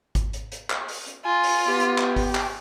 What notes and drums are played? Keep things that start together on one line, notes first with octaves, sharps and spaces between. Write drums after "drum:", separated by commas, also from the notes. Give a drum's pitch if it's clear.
drum: kick G#1, hi-hat
drum: hi-hat
drum: hi-hat
drum: clap
drum: open hi-hat
drum: hi-hat
F4 G#5
drum: open hi-hat
B3 G4
drum: hi-hat
drum: clap
drum: kick G#1, open hi-hat
drum: clap